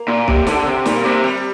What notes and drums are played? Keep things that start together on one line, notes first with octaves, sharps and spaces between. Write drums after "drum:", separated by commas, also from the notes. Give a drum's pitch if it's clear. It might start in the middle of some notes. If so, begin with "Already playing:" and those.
Already playing: A#3
A#2
C3, drum: kick B1
D3, drum: snare
C3
A#2 G3, drum: snare
C3
G3